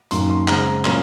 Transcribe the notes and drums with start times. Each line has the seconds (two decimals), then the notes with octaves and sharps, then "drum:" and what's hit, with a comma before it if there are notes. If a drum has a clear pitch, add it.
0.11 F#2 D#3 A#3 C6, drum: hi-hat
0.30 C6
0.48 C#3 G#3 C4 A#5, drum: clap
0.85 A#2 F#3 A#3 C#4 C6, drum: clap